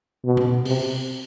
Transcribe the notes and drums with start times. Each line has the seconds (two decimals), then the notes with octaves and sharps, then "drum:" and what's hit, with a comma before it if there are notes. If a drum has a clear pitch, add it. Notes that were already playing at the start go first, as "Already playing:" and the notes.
0.25 B2
0.37 drum: tom B2
0.65 C3, drum: open hi-hat